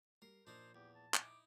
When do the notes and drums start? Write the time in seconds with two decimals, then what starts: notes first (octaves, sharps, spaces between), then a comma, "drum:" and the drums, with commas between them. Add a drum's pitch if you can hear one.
0.22 G3 A#4 C7
0.47 A#2 F3 D4 D#4 A#4 C5
0.75 E2 G4
0.95 A5
1.14 D#4 E4 D6, drum: clap